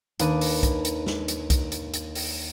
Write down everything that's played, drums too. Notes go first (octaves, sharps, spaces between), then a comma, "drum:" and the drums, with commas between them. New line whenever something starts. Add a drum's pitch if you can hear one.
D#2 D4 B4 D6 D#7, drum: hi-hat
drum: open hi-hat
drum: kick C2, hi-hat
drum: hi-hat
drum: snare
drum: hi-hat
drum: kick C2, hi-hat
drum: hi-hat
drum: hi-hat
drum: open hi-hat